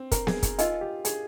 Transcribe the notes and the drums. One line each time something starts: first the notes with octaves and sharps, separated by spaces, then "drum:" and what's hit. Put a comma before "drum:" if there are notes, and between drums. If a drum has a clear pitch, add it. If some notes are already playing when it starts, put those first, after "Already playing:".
Already playing: C4
A#4, drum: kick, hi-hat
G#4, drum: snare B3
drum: kick, hi-hat
D#4 F4 A#4 D#5 G#5, drum: hi-hat
G4
G#4, drum: hi-hat